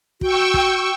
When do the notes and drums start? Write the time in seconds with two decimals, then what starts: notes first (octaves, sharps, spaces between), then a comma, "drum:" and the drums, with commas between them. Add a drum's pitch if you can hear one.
0.21 F#4 G5 C#6 E6, drum: kick
0.54 drum: kick